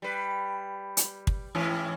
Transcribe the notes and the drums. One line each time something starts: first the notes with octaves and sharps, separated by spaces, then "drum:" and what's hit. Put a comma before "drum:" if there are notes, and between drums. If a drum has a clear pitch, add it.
G3 B4
drum: hi-hat
drum: kick
G#2 E3 C#4